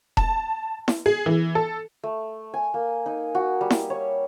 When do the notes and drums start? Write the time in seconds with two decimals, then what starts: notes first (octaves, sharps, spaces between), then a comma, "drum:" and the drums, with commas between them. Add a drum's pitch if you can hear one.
0.17 A5, drum: kick E1
0.88 drum: snare E4
1.06 G#4
1.26 E3
1.55 A4
2.03 A3
2.54 G#5
2.74 A#3
3.06 D#4
3.35 F#4
3.61 G3
3.70 drum: snare E4
3.90 C#5